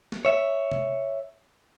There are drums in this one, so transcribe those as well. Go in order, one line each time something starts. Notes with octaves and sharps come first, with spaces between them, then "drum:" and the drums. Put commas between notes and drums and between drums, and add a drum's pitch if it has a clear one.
drum: snare
C#5 E5
drum: tom C3